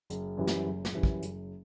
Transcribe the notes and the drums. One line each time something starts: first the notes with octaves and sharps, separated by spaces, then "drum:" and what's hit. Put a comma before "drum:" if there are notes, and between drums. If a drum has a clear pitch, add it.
F#1, drum: hi-hat
F#2 E3 G3
drum: snare
F#1
drum: snare
F#2 E3 G3
drum: kick
F#1, drum: hi-hat